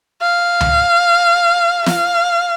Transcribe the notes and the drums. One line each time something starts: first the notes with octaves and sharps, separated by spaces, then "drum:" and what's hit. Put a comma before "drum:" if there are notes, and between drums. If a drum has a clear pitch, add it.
F5
drum: tom C#2
F5, drum: snare